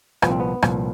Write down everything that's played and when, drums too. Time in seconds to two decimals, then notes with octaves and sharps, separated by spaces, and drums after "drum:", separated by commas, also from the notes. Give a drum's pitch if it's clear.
0.22 C2 A#2 F3 B3, drum: rim click
0.31 C4
0.40 B3
0.62 C2 A#2 F3, drum: rim click